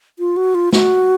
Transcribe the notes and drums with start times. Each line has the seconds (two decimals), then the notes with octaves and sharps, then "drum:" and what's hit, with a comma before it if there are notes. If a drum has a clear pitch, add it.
0.19 F4
0.37 F#4
0.55 F4
0.73 F#4, drum: snare A3